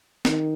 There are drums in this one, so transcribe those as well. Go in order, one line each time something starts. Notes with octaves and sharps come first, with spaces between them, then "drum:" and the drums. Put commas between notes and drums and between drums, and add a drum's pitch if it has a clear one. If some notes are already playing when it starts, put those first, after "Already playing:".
D#3, drum: snare